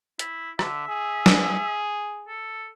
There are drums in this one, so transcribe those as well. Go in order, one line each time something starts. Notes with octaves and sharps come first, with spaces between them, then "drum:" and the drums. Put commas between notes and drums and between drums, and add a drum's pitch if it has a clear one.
E4, drum: hi-hat
D3 E5, drum: rim click
G#4
drum: snare
A4